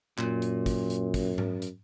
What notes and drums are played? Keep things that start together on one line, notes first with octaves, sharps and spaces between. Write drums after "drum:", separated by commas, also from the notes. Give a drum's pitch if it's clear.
F#2 A#2, drum: clap
drum: hi-hat
drum: kick, hi-hat
drum: hi-hat
drum: kick, hi-hat
drum: tom G#2
drum: hi-hat